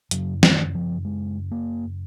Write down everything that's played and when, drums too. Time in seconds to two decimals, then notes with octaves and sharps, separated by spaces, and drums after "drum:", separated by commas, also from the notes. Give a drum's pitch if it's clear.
0.11 F#2 C#3 F#3, drum: hi-hat
0.43 D#3, drum: snare
0.75 F3
1.05 G#3
1.52 A#3